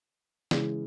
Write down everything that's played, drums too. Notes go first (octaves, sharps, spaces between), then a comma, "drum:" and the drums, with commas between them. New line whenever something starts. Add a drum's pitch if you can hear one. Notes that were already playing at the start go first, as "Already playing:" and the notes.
C#3 E3 G#3, drum: snare